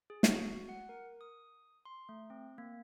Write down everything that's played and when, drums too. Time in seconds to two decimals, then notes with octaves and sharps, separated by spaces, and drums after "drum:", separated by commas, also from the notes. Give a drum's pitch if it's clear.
0.10 G#4
0.23 F#4, drum: snare
0.69 F#5
0.89 A#4
1.21 D#6
1.85 C6
2.09 A3
2.30 C4
2.58 A#3